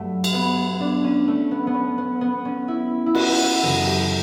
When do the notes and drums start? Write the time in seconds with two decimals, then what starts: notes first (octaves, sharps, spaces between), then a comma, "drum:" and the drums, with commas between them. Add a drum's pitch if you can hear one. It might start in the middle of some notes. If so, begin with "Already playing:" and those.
Already playing: G2 F#3 A3
0.24 drum: cymbal
0.34 B3
0.80 D4
1.04 C#4
1.28 A3
1.51 B3
1.67 B3
1.74 C#4
1.98 B3
2.21 B3
2.45 C#4
2.68 E4
3.06 E4
3.15 F#4, drum: cymbal
3.62 F#2 C#3 E3 A4
3.86 G4